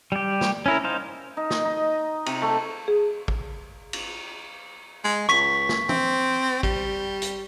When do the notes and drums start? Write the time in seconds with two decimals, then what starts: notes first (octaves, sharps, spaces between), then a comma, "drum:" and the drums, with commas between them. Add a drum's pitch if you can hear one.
0.12 G3 G4
0.41 drum: snare
0.66 C#4 E4 A#4
0.84 D#4 C5 F5
1.37 D#4
1.50 D#5, drum: snare
1.65 D#4
2.26 C3, drum: cymbal
2.42 A3
2.88 G#4
3.28 drum: kick
3.93 drum: cymbal
5.05 G#3
5.29 C#2 C#6 B6
5.69 drum: snare
5.89 C4, drum: tom E3
6.63 G3, drum: kick
7.22 drum: hi-hat